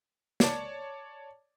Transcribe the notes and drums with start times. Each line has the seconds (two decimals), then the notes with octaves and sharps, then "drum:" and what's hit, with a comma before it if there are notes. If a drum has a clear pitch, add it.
0.40 C#5 D5 A5, drum: snare